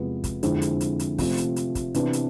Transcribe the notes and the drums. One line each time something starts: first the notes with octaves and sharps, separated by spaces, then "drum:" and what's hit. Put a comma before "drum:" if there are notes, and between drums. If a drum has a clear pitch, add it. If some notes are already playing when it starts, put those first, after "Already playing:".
Already playing: E2 C3 F3 G#3 B3
drum: kick, hi-hat
F2 D3 G#3 C4 E4, drum: hi-hat
drum: hi-hat
drum: hi-hat
drum: hi-hat
C3 F3 A3, drum: kick, open hi-hat
drum: hi-hat
drum: hi-hat
drum: kick, hi-hat
C3 E3 B3 D4, drum: hi-hat
drum: hi-hat